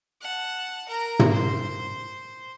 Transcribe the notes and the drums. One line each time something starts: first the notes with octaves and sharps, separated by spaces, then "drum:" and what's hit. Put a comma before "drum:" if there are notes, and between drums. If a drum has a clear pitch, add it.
F#5 A5
A#4 A#5
drum: tom
C5